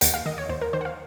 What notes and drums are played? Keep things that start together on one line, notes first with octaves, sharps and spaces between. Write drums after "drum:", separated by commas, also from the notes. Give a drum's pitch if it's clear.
D#2 F#5, drum: hi-hat
F5
D#3 D#5
C#5
D#2 C5
A#4
D#3 C5
F#5
F5